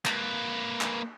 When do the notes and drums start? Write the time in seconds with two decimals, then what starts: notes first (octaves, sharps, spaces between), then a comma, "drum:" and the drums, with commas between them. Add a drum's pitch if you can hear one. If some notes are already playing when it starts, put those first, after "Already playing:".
0.05 A#3 B4, drum: clap
0.81 drum: clap